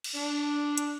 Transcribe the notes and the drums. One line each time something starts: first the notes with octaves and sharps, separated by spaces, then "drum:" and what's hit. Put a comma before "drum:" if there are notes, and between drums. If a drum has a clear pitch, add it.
drum: cymbal
D4
drum: hi-hat